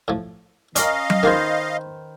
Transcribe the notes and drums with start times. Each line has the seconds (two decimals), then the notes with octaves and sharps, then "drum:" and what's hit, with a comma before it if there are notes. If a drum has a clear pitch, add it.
0.08 A2 F3
0.76 C#4 D4 A#4 D#5 F5, drum: hi-hat
1.10 drum: tom F#3
1.23 D#3 A#3 F4 G#4 B4 C5